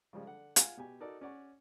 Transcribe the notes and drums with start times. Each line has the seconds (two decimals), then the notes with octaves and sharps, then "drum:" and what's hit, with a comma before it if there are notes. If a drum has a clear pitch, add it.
0.13 C#3 F3 G3 G#3
0.26 D3 F#5
0.56 F4 F5 F#5 G#5, drum: hi-hat
0.77 B2 G4 G#5
1.00 D#4 F#4 A4 A#4 D5
1.21 C#4 D5 F#5 C#6